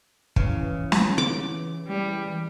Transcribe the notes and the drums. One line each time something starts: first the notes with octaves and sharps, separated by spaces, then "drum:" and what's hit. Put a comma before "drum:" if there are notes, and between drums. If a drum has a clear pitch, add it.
C#3 E3, drum: kick
drum: snare
D6
G3